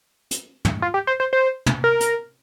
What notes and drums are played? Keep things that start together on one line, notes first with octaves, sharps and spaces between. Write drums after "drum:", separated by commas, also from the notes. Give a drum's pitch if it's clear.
drum: hi-hat
drum: tom
F4
G4
C5
C5
C5
drum: tom
A#4
drum: hi-hat